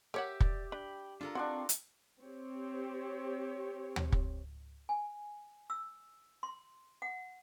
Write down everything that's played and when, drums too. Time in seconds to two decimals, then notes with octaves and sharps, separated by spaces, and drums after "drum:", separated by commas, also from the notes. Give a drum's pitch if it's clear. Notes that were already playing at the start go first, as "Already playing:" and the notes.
0.14 G4 A#4 C#5 E5 F#5
0.40 D5, drum: kick
0.72 D4 G5 B5
1.21 D4 F4 A4 A#4
1.35 C4 D4 F#4 D5 G5 C6 C#6
1.69 drum: hi-hat
2.23 C4 G4 C#5
3.96 drum: tom D2
4.12 drum: kick
4.89 G#5
5.70 E6
6.43 C6
7.02 F#5